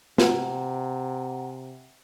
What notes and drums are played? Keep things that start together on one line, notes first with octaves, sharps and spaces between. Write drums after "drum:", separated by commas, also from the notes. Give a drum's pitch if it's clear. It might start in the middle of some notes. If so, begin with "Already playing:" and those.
C3 F#5 G#5 A#5, drum: snare